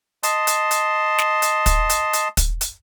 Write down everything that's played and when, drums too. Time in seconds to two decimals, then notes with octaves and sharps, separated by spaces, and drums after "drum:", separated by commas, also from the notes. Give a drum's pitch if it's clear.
0.23 D#5 A5 C6, drum: hi-hat
0.47 drum: hi-hat
0.71 drum: hi-hat
1.18 drum: snare
1.42 drum: hi-hat
1.66 drum: kick, hi-hat
1.90 drum: hi-hat
2.13 drum: hi-hat
2.37 drum: kick, hi-hat
2.61 drum: hi-hat